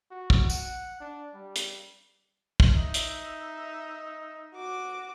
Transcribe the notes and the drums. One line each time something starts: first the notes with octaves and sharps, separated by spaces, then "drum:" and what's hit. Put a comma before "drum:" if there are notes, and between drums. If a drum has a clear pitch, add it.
F#4
drum: kick
F#5, drum: tambourine
D4
G3
drum: hi-hat
drum: kick
D#4 E5
drum: hi-hat
F#4 D6